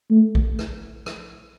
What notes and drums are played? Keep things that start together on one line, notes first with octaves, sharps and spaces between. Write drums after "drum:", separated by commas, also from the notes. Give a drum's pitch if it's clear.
A3
drum: kick A#1
drum: rim click
drum: rim click